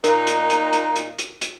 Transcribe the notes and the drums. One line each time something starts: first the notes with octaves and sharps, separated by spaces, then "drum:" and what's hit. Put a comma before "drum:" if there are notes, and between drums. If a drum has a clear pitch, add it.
A#2 D#4 A#4 A#5, drum: hi-hat
drum: hi-hat
drum: hi-hat
drum: hi-hat
drum: hi-hat
drum: hi-hat
drum: hi-hat